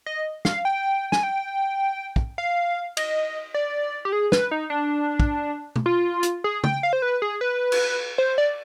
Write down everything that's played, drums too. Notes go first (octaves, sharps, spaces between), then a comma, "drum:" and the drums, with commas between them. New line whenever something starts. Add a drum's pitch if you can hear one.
D#5
F5, drum: snare
G5
G#5, drum: snare
G5
drum: kick
F5
D#5, drum: cymbal
D5
G4
G#4
B4, drum: snare
D#4
D4
drum: kick
drum: tom B2
F4
drum: hi-hat
G#4
G5, drum: tom C#3
F5
C5
B4
G#4
B4
drum: cymbal
C5
D5